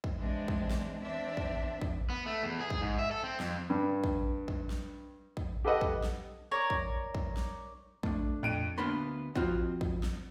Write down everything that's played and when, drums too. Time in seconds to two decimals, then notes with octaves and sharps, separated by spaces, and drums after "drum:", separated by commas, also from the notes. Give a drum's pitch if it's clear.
0.04 drum: kick
0.19 E3 G#3 C4 D4
0.48 drum: kick
0.70 drum: snare
1.03 E2 C4 D4 D5 E5
1.37 drum: kick
1.82 drum: kick
2.10 B3
2.26 A3
2.43 E2
2.61 G#4
2.70 drum: kick
2.81 G#2
2.99 E5
3.11 A4
3.24 C4
3.40 F2, drum: snare
3.70 G2
4.04 drum: kick
4.48 drum: kick
4.70 drum: snare
5.37 drum: kick
5.65 G4 A4 B4 D#5 F#5
5.81 drum: kick
6.03 drum: snare
6.51 A#4 C#5 D5 A#5
6.70 drum: kick
7.15 drum: kick
7.37 drum: snare
8.03 A3 A#3 D4, drum: kick
8.43 F2 A#2 D7 D#7
8.78 D2 A#3 B3 D4 B5 C6
9.36 F3 C4 F4 F#4 D#5, drum: kick
9.81 drum: kick
10.03 drum: snare